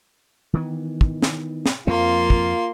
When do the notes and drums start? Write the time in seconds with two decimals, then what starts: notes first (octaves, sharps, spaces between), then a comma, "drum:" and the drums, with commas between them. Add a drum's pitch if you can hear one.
0.53 D#3 E3 B3
1.01 drum: kick
1.22 drum: snare
1.66 drum: snare
1.87 F2 F3 A#3 C4 F4 C6
2.30 drum: kick